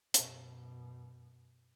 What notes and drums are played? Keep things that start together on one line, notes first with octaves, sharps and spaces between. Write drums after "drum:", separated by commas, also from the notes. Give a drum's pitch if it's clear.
F#2 B2, drum: hi-hat